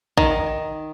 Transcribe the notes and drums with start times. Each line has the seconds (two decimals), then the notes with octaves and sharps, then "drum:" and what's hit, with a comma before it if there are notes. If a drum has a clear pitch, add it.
0.17 D#3, drum: kick